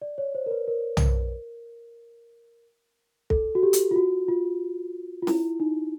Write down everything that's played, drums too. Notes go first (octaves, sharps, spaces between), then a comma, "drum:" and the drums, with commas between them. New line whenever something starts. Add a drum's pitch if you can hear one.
D5
C#5
C5
A#4
B4
A#4
drum: tom
A4, drum: kick
F#4
G4
drum: hi-hat
F4
F#4
F4
F4
E4, drum: snare C#4
D#4